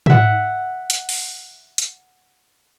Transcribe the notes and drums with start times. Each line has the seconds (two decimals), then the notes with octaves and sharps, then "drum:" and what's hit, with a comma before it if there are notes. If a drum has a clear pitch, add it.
0.06 E5 F#5, drum: tom
0.90 drum: hi-hat
1.09 drum: open hi-hat
1.78 drum: hi-hat